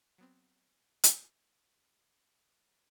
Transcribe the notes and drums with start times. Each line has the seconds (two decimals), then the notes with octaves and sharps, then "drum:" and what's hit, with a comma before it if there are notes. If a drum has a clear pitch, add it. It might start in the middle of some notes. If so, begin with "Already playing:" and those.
0.18 F#3 B3 C4
1.04 drum: hi-hat